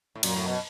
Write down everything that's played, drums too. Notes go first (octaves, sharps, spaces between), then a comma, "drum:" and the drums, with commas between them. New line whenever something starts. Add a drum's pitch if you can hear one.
A2
F#2 A#2 F#3, drum: cymbal
A2
B2